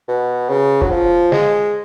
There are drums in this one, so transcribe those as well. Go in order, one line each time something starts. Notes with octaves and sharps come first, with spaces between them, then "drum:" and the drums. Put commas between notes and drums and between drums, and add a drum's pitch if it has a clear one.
B2
C#3
F#3, drum: kick E1
F3
G#3, drum: snare